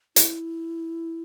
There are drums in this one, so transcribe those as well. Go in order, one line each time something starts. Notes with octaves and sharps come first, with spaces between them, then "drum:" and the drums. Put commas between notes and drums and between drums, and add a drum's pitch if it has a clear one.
E4, drum: hi-hat